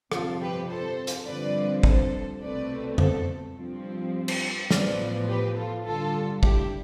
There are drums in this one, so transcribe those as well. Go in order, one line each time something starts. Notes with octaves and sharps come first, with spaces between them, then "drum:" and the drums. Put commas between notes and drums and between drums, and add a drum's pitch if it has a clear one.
G1 F2 C3 F3 F4 A4, drum: rim click
G4 B4
A4 C5
drum: hi-hat
G2 D3 F3 C4 B4 D5
A4 C5, drum: kick
C2 B2 A3 C4 B4 D5
A4 C5, drum: tom F2
G2 F3 C4
drum: cymbal
A1 A2 F3 B3 B4 D5, drum: snare
G4 B4
F4 A4
G1 G2 D3 F4 A4
E4 G4, drum: kick